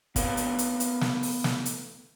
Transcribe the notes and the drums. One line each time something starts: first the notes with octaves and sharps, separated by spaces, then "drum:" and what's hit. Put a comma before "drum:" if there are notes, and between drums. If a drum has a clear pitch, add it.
B3 A#4 B4 C#5 F5, drum: kick, hi-hat
drum: hi-hat
drum: hi-hat
drum: hi-hat
drum: snare
drum: open hi-hat
drum: snare
drum: hi-hat